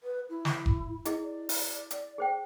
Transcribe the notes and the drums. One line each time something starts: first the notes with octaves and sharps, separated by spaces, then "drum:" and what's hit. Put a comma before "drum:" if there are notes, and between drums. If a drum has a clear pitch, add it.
B4
E4
drum: snare
drum: kick F1
E4 G#4 D#5, drum: hi-hat
D5
drum: open hi-hat
drum: hi-hat
G#4 C5 G5